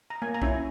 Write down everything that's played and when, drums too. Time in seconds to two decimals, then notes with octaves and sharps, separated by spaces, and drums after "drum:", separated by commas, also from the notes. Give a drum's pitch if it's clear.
0.10 A#5
0.22 A#3 G#5
0.34 A#5
0.42 C#4 E4 G#5, drum: kick B1